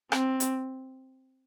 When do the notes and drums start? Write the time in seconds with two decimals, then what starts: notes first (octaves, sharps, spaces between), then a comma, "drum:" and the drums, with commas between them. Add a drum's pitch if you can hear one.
0.12 C4, drum: rim click
0.40 drum: hi-hat